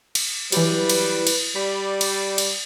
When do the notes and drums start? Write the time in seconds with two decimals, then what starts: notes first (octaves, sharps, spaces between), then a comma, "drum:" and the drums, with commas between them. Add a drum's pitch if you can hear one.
0.15 drum: cymbal
0.52 E3 F#3 G3 B4, drum: cymbal
0.89 drum: cymbal
1.27 drum: cymbal
1.55 G3 D5 B5
2.01 drum: cymbal
2.38 drum: cymbal